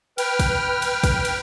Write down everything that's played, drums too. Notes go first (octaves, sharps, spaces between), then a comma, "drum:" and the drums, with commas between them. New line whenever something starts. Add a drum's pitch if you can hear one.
B4 G5 F6, drum: cymbal
drum: kick, cymbal
drum: cymbal
drum: kick, cymbal
drum: cymbal